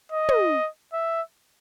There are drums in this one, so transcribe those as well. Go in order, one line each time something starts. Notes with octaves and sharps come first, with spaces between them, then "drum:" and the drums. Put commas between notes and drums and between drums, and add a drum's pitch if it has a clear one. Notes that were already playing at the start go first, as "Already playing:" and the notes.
D#5
drum: tom
E5